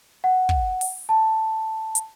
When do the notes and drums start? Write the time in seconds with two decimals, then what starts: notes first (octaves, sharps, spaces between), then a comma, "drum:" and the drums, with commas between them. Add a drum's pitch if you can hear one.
0.24 F#5
0.49 drum: kick
0.81 drum: open hi-hat
1.09 A5
1.95 drum: hi-hat